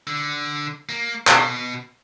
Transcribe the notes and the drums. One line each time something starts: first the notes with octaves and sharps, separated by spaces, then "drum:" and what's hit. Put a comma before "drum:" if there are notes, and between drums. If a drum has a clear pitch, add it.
D3
A#3
B2, drum: clap